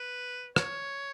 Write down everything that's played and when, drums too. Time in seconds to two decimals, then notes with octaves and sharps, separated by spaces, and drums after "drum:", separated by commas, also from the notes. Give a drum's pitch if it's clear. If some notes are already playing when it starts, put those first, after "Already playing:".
Already playing: B4
0.56 C#5, drum: rim click